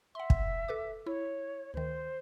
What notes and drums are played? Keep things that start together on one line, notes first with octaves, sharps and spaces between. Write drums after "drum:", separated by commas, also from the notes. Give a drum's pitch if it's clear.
E5 F#5 C6
drum: kick
A4 B4 D6
E4 C#5
D2 D#3 C5